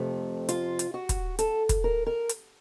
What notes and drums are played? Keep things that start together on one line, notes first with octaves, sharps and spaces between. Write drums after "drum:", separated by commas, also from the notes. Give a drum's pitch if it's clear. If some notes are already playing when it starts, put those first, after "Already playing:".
Already playing: F2 C3 F3 A3
F4, drum: hi-hat
drum: hi-hat
F#4
drum: kick, hi-hat
A4, drum: hi-hat
drum: kick, hi-hat
A#4
A#4
drum: hi-hat